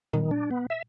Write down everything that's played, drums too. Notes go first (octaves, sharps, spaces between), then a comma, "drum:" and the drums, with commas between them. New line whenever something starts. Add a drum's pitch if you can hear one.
D#3, drum: tom A#2
D4
B3
E5